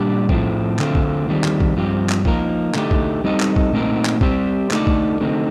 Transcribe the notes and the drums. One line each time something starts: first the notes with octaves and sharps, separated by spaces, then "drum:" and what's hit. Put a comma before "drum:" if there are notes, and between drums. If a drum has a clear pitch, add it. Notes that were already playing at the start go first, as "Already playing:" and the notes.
Already playing: A#2 G3 D4 G4 D5
A2 F3 A3 C4, drum: kick A#1
D2 D3 A3 C4 F4, drum: clap
drum: kick A#1
D#2 D#3 G3 C4
drum: clap
drum: kick A#1
G2 F3 C4 G4
drum: clap
F3 A#3 D#4 A#4, drum: kick A#1
D3 A3 D#4 G4, drum: clap
drum: kick A#1
G3 C4 D#4 A4 D#5
drum: clap
drum: kick A#1
A#2 A3 C4 D#4 A#4
drum: clap
G3 C4 G4 C5, drum: kick A#1
D3 A3 D#4 A4 D5, drum: clap
drum: kick A#1
D3 A3 C4 D#4